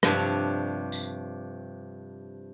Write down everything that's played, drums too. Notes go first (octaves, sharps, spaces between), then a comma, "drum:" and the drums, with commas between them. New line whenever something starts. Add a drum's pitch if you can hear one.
G2 C3 F3 D4 C#5 B5, drum: rim click
drum: tambourine